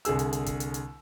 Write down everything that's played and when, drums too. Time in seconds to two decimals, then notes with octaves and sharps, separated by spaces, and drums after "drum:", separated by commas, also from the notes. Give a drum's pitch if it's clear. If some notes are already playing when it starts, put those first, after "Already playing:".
0.05 C2 D3 G#4 E6, drum: hi-hat
0.19 drum: hi-hat
0.33 drum: hi-hat
0.46 drum: kick, hi-hat
0.60 drum: hi-hat
0.74 drum: hi-hat